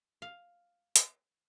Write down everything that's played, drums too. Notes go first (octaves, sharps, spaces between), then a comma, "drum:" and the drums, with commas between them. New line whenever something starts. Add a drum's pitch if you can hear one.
F5
drum: hi-hat